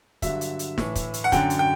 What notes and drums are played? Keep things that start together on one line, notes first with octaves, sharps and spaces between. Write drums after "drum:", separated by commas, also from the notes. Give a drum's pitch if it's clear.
G2 D3 F#3 E5, drum: kick, hi-hat
drum: hi-hat
drum: hi-hat
A2 E3, drum: snare
drum: kick, hi-hat
drum: hi-hat
F#5
F#2 D3 F#3 G5, drum: kick, hi-hat
drum: hi-hat
G5